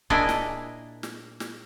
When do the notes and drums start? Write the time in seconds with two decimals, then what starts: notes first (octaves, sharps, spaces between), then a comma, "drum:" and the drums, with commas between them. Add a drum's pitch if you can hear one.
0.10 A#2 D4 E4 G#4 D#5, drum: kick C#1
0.29 drum: snare
1.03 drum: snare
1.40 drum: snare